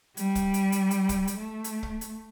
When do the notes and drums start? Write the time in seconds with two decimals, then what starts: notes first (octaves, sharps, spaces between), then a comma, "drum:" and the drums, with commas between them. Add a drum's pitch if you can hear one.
0.17 G3, drum: hi-hat
0.35 drum: kick, hi-hat
0.54 drum: hi-hat
0.72 drum: hi-hat
0.91 drum: hi-hat
1.09 drum: kick, hi-hat
1.27 drum: hi-hat
1.38 A3
1.64 drum: hi-hat
1.83 drum: kick
2.01 drum: hi-hat